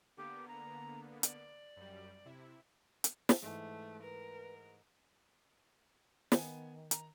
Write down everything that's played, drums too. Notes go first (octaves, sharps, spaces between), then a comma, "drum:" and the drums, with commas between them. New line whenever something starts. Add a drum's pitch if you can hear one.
D3 A#3 B3 G4
A#5
D5, drum: hi-hat
F#2 G3
C3 E4
drum: hi-hat
drum: snare
G#2 E3 A3
A#4 B4
D#3 B3 G#5, drum: snare
A#5, drum: hi-hat